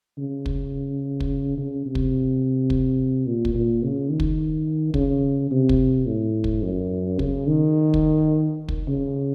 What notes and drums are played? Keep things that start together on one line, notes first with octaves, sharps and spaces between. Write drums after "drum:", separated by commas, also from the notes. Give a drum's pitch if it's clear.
C#3
drum: kick
drum: kick
C#3
C3
drum: kick
drum: kick
A#2
drum: kick
A#2
C#3
D#3
drum: kick
C#3, drum: kick
C3
drum: kick
A2
drum: kick
F#2
C#3, drum: kick
D#3
drum: kick
drum: kick
C#3